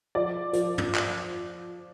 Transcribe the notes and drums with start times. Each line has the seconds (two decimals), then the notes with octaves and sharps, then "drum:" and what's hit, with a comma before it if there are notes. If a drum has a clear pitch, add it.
0.15 F3 D5
0.53 F3, drum: hi-hat
0.78 drum: tom
0.95 drum: clap